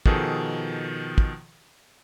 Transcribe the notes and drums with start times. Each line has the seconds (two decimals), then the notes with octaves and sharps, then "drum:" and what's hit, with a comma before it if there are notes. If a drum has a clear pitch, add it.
0.06 B2 D#3 F3 G#4 A4, drum: kick
1.18 drum: kick